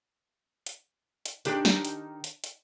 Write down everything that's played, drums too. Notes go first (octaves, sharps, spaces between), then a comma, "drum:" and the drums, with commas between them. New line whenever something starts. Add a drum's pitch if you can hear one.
drum: hi-hat
drum: hi-hat
D#3 D4 G4, drum: hi-hat
drum: snare
drum: hi-hat
drum: hi-hat
drum: hi-hat